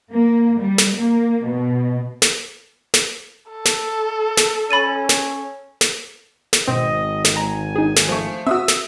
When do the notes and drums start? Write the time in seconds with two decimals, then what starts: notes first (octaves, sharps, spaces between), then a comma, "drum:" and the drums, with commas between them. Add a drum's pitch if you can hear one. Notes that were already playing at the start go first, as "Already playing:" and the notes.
0.12 A#3
0.60 G3
0.78 drum: snare
0.96 A#3
1.45 B2
2.22 drum: snare
2.94 drum: snare
3.52 A4
3.65 drum: snare
4.37 drum: snare
4.71 C#4 B5 A6 D#7
5.09 drum: snare
5.81 drum: snare
6.53 drum: snare
6.68 G#1 B2 C4 D#5
7.25 drum: snare
7.36 G#3 G#5 A#5
7.76 D#4 G#4
7.96 drum: snare
8.08 F3 A3
8.47 C4 F#4 E5 D#6 E6
8.68 drum: snare